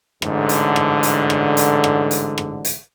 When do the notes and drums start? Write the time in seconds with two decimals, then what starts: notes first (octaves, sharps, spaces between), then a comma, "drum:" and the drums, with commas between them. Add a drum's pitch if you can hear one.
0.22 A1 G#2 D3, drum: rim click
0.49 drum: hi-hat
0.76 drum: rim click
1.03 drum: hi-hat
1.30 drum: rim click
1.57 drum: hi-hat
1.84 drum: rim click
2.11 drum: hi-hat
2.38 drum: rim click
2.65 drum: hi-hat